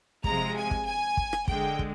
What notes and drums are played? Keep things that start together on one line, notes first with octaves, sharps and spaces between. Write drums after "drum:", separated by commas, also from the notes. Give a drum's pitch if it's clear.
C3 F3 G#3 A#5, drum: kick
G#5
drum: kick
G#5
drum: kick
drum: rim click
D3 G#3 G5, drum: kick
drum: kick